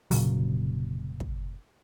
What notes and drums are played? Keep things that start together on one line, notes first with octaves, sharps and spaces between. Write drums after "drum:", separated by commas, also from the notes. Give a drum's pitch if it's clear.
F1 A#2 C#3 F#3, drum: open hi-hat
drum: kick